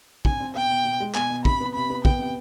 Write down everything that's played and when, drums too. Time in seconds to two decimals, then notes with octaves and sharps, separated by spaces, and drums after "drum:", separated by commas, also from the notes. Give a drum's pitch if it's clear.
0.25 C4 G#5, drum: kick
0.40 C4
0.55 B2 G5
0.70 B2
0.85 B2
1.00 G#3
1.15 B2 G#5, drum: clap
1.30 B2
1.45 C3 B5, drum: kick
1.60 B3
1.75 C3 B5
1.90 B3
2.05 B3 G5, drum: kick
2.19 C3